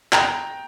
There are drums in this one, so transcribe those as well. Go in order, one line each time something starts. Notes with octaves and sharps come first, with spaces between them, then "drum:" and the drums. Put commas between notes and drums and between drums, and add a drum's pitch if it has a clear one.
G5 A#5, drum: clap